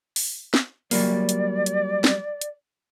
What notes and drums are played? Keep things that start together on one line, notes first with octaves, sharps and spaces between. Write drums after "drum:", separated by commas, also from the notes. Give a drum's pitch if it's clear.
drum: open hi-hat
drum: snare
F#3 G3 A#3 D5, drum: open hi-hat
drum: hi-hat
drum: hi-hat
drum: snare
drum: hi-hat